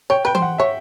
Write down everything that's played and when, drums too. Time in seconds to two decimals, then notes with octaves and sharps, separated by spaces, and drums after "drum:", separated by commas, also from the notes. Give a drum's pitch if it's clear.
0.10 C#5 G5
0.25 B4 G5
0.35 C5, drum: tom E3
0.42 F#5
0.58 C#5 E5